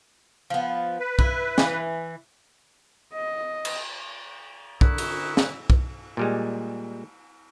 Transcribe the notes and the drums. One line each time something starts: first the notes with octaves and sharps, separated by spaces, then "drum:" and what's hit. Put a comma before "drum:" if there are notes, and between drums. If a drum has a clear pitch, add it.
F3 B3
B4
E4, drum: kick
E3, drum: snare
D#5
drum: cymbal
D3 E4 A#4 C#6 D#6 F#6, drum: kick
drum: cymbal
drum: snare
drum: kick
A#2 G3 G#3